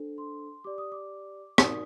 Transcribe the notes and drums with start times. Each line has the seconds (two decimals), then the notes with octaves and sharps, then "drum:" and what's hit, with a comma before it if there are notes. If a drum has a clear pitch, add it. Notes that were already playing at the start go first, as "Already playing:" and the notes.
Already playing: D4 A4 C5
0.18 C6
0.64 G4 D5 D6
0.78 D#6
0.92 D6
1.58 D#4 F#4 A#4 D5 D#6, drum: rim click